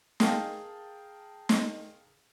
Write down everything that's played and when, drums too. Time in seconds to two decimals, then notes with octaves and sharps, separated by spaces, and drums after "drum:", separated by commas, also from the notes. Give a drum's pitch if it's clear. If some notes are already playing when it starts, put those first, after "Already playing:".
0.20 G#4 A#4 F5 G5 A5, drum: snare
1.49 drum: snare